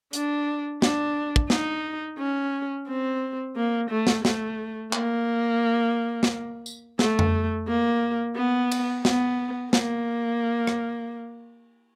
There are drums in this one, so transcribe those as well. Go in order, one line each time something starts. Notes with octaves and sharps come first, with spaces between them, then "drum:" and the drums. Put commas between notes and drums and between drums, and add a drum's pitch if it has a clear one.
D4, drum: hi-hat
D4, drum: snare
drum: kick
D#4, drum: snare
C#4
C4
A#3
A3
drum: snare
A3, drum: snare
A#3, drum: clap
drum: snare
drum: tambourine
A3, drum: snare
drum: tom F2
A#3
B3
drum: cymbal
B3, drum: snare
A#3, drum: snare
drum: rim click